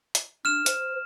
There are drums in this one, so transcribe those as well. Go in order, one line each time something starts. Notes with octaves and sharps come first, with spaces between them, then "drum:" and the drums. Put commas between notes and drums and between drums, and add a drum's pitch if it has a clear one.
drum: hi-hat
D4 F6 E7
C5, drum: hi-hat